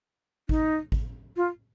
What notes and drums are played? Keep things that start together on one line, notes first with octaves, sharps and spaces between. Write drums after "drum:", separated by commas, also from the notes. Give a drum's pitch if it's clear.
D#4, drum: kick G#1
drum: kick G#1
F4